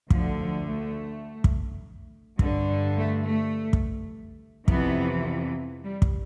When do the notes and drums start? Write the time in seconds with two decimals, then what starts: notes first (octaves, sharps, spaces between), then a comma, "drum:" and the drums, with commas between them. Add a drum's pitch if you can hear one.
0.10 D2 D3 F3, drum: kick
0.40 F3
0.68 A3
1.44 drum: kick
2.39 G2 D3, drum: kick
2.97 A3
3.25 A3
3.73 drum: kick
4.68 F2 C3 E3 B3, drum: kick
5.83 G3
6.02 drum: kick